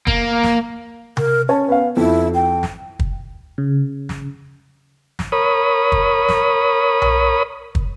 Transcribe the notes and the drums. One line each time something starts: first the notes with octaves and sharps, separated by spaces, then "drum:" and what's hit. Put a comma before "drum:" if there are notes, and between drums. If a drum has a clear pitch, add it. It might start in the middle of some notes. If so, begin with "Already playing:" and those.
A#3, drum: kick
drum: snare
A#4, drum: tom C3
C#4 C#5 A5
B3 F5
F2 E4
G5
drum: snare
drum: kick
C#3
drum: snare
drum: snare
A#4 C#5 B5 D#6
drum: kick
drum: snare
drum: tom B1
drum: kick